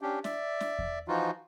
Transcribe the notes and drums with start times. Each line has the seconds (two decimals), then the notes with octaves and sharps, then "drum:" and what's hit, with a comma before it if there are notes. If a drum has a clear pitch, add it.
0.02 C#4 D4 G4
0.24 D5 E5, drum: snare
0.60 drum: snare
0.79 drum: kick E2
1.08 E3 F3 D#4 F4 F#4